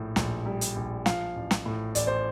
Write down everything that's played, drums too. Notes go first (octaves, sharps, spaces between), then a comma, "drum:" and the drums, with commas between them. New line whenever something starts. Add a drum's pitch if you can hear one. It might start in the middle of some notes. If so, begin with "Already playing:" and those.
Already playing: A#1 A2
A#1, drum: snare
G3
drum: hi-hat
A#1
F3 F5, drum: snare
A1
drum: snare
A2
A1 D5, drum: hi-hat
C5